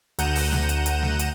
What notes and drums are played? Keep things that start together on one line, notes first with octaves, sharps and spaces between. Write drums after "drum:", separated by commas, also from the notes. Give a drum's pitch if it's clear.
D2 F#5 A#5 G6 D#7 E7, drum: hi-hat
drum: open hi-hat
drum: snare
drum: hi-hat
drum: hi-hat
drum: snare
drum: hi-hat